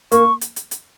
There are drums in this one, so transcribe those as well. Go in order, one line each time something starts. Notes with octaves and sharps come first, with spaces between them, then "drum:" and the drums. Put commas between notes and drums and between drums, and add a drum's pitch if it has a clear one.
A#3 C#6, drum: hi-hat
drum: hi-hat
drum: hi-hat
drum: hi-hat